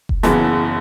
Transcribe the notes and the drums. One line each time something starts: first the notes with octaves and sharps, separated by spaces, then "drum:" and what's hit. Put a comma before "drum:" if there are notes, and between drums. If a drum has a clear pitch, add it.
drum: kick F1
F#1 F#2 C#3 E3 B3, drum: snare